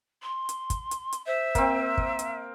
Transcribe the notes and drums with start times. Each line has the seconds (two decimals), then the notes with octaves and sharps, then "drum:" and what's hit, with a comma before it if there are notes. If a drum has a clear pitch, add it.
0.22 C6
0.49 drum: hi-hat
0.70 drum: kick, hi-hat
0.91 drum: hi-hat
1.12 drum: hi-hat
1.26 C5 E5
1.55 A#3 C4, drum: kick, hi-hat
1.98 drum: kick
2.19 drum: hi-hat